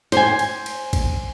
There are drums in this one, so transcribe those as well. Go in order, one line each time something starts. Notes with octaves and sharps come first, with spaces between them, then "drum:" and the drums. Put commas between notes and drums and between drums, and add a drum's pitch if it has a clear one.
C5 G#5, drum: snare
drum: cymbal
drum: cymbal
drum: kick A1, cymbal